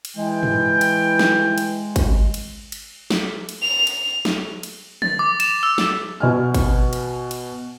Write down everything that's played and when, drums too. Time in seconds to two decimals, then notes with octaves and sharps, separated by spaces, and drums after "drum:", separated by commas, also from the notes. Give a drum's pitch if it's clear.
0.05 drum: cymbal
0.17 E3 G#3 G5
0.43 drum: tom
0.81 drum: cymbal
1.19 drum: snare
1.58 drum: cymbal
1.96 drum: kick G#1, cymbal
2.34 drum: cymbal
2.72 drum: cymbal
3.10 drum: snare
3.49 drum: cymbal
3.62 F7
3.87 drum: cymbal
4.25 drum: snare
4.63 drum: cymbal
5.02 A6, drum: tom
5.19 D6
5.40 E7, drum: cymbal
5.63 E6
5.78 drum: snare
6.20 B2 G#5 F6
6.54 drum: kick G#1, cymbal
6.93 drum: cymbal
7.31 drum: cymbal